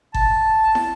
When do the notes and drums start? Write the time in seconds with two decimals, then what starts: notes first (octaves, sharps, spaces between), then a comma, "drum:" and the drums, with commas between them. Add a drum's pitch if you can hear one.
0.14 A5, drum: kick G1
0.75 drum: snare